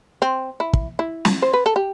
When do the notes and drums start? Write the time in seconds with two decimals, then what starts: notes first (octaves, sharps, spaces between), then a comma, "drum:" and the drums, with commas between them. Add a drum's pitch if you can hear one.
0.22 C4
0.60 E4
0.73 drum: kick
0.99 E4
1.25 drum: snare
1.42 C5
1.54 B4
1.66 A4
1.76 G4